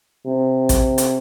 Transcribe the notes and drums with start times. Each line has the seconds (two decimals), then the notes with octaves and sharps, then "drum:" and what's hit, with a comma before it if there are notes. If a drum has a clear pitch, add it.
0.26 C3
0.69 drum: kick, hi-hat
0.98 drum: hi-hat